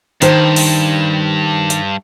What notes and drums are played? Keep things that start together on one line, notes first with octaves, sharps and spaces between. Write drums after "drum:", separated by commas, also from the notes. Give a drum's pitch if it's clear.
G2 D#3 C5, drum: hi-hat
drum: open hi-hat
drum: hi-hat